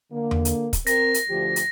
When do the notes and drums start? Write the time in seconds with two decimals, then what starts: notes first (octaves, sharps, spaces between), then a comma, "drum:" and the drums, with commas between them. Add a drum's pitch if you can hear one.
0.12 D3 A#3
0.31 drum: tom E2
0.45 drum: hi-hat
0.73 drum: kick, hi-hat
0.87 C4 A#4 A#6, drum: hi-hat
1.14 drum: hi-hat
1.29 D2 F3 G4
1.56 drum: hi-hat